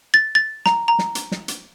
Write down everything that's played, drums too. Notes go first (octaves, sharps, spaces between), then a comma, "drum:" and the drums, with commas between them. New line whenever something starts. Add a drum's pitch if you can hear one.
A6
A6
A#5, drum: snare
A#5
drum: snare
drum: hi-hat
drum: snare
drum: hi-hat